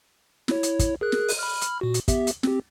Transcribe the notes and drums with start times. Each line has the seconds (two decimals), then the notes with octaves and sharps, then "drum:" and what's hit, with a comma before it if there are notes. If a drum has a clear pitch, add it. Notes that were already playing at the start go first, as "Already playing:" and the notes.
0.48 E4 C#5, drum: snare
0.63 drum: hi-hat
0.79 drum: kick, hi-hat
1.01 G#4 A#4 F#6
1.12 drum: snare
1.29 drum: open hi-hat
1.39 B5 F6
1.61 drum: hi-hat
1.81 A#2 F#4
1.94 drum: hi-hat
2.08 B3 G4 E5, drum: kick, hi-hat
2.27 drum: hi-hat
2.43 C4 G4, drum: snare